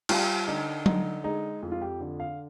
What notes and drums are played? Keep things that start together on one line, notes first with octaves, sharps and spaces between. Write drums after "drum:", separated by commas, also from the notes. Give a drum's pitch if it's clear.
G3 F4, drum: cymbal
D3 D#4
D3 D#4, drum: tom F#3
G#3 D#4
F2
F4
G4
D3
F5